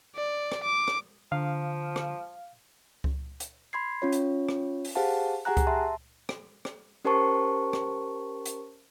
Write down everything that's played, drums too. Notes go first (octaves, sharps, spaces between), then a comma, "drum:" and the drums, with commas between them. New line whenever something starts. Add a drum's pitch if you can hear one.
D5
drum: rim click
D6
drum: rim click
D3 F3 F5
drum: rim click
drum: kick C#2
drum: hi-hat
B5 C6 G#6 C7
C#4 F4 C#5
drum: hi-hat
drum: rim click
drum: open hi-hat
G4 G#4 C5 F5 F#5 A5
G4 G#4 F#5 G#5 A#5 F#6
drum: kick C#2, hi-hat
E5 A5 C6
drum: rim click
drum: rim click
C#4 G4 A#4 C5 A5 C#6
drum: rim click
drum: hi-hat